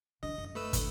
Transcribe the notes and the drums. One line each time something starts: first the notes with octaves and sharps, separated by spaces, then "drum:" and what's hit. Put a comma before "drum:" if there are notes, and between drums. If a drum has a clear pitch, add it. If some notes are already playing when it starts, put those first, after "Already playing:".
D3 D4 D#5
F#2
A3 B4 E6
D2, drum: kick, hi-hat